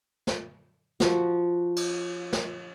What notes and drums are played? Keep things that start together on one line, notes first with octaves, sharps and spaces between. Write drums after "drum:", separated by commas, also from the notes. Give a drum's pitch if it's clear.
drum: snare
F3 F#4, drum: snare
drum: cymbal
drum: snare